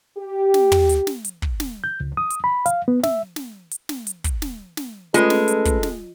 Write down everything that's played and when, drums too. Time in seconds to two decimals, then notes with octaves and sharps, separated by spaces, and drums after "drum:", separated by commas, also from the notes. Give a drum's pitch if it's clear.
0.18 G4
0.54 drum: snare
0.72 drum: tom
0.89 drum: hi-hat
1.07 drum: snare
1.25 drum: hi-hat
1.42 drum: kick
1.60 drum: snare
1.84 G6
2.01 C#2
2.17 D#6
2.30 drum: hi-hat
2.44 B5
2.66 F5, drum: hi-hat
2.88 B3
3.03 E5, drum: snare
3.36 drum: snare
3.71 drum: hi-hat
3.89 drum: snare
4.07 drum: hi-hat
4.24 drum: kick, hi-hat
4.42 drum: snare
4.77 drum: snare
5.14 G#3 A3 C#4 F4 A4 B4, drum: hi-hat
5.30 drum: snare
5.48 drum: hi-hat
5.65 drum: kick, hi-hat
5.83 drum: snare